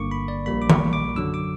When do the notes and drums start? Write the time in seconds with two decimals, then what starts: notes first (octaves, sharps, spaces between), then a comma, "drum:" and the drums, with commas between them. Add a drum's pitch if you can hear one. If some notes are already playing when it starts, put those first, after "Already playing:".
Already playing: G1 G2 D3 A#3 C#6 D6
0.11 B5
0.28 D5
0.46 A#1 A#2 G3 A#3 B5
0.62 D6
0.70 C#6, drum: tom D#3
0.93 D6
1.16 F#2 D3 F#3 E6
1.34 D6